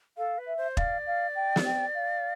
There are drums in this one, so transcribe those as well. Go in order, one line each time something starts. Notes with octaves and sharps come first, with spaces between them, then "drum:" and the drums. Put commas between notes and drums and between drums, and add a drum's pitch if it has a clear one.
A4 F5
B4
E5
C5
D5 F5, drum: kick
F5
G5
drum: snare
G5
F5